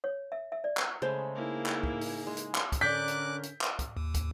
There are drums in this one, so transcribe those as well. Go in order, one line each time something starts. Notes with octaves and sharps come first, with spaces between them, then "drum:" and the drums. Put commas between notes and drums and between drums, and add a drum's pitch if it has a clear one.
C#5
E5
E5
D5
drum: clap
C#3 G#3 A3 C5 G#5 B5
A#3 D#4 E4 G#4
drum: clap
drum: kick
drum: open hi-hat
G#3
drum: hi-hat
drum: clap
drum: kick, hi-hat
D3 C#4 A#4 D5 D6 F#6 G6 B6
drum: hi-hat
drum: hi-hat
drum: clap
drum: kick, hi-hat
D#2
drum: kick, hi-hat